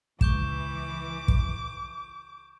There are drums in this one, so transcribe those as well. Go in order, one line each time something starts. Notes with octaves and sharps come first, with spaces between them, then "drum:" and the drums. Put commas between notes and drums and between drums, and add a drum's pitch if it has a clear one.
C#2 E3 C#6 D6 G6 E7, drum: kick
drum: kick